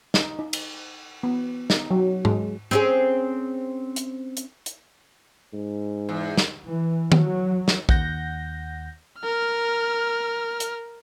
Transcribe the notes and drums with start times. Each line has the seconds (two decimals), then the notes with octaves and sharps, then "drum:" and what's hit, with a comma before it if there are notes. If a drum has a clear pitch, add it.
0.14 D#4, drum: snare
0.39 D#4
0.53 drum: cymbal
1.23 B3
1.70 D#4, drum: snare
1.91 F#3
2.25 G#3, drum: tom G#2
2.71 C4 C#4 G#4
3.96 drum: hi-hat
4.37 drum: hi-hat
4.66 drum: hi-hat
5.53 G#2
6.09 E2
6.37 drum: snare
6.66 E3
7.12 F#3, drum: tom D#3
7.68 drum: snare
7.89 D#2 F#5 G6 A#6, drum: kick A#1
9.20 A#4 F6
10.60 drum: hi-hat